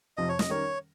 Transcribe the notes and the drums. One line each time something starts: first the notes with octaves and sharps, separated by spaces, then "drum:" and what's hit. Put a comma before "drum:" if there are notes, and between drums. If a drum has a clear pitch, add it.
F2 C3 F3 D#5
C#5
D#5, drum: snare
D#3 G3 C#4 G4 A#4 C#5